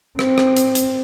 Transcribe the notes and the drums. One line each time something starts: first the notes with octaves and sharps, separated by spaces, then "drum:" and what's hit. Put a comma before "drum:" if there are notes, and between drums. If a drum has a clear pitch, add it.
C4, drum: rim click
drum: rim click
drum: hi-hat
drum: hi-hat